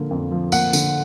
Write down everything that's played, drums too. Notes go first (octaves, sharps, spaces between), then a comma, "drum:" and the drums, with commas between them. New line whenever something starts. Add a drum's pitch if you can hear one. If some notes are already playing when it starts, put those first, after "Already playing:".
Already playing: D3 F3 A#3
F2
F3
A#3 F#5, drum: tambourine
D3, drum: tambourine